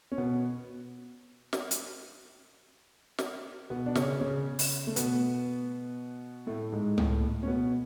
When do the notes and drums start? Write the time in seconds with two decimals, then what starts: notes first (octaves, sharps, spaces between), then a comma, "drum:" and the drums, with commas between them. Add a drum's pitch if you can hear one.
0.12 C#4
0.18 B2 B3
1.53 drum: snare
1.71 drum: hi-hat
3.18 drum: snare
3.70 B2 B3
3.86 D4
3.95 C#3 C#4, drum: snare
4.21 C#3 C#4
4.59 drum: open hi-hat
4.87 A3
4.96 B2 B3, drum: hi-hat
6.47 A2 A3
6.72 G#2 G#3
6.98 A2 A3, drum: tom C#2
7.43 C#4
7.48 B2 B3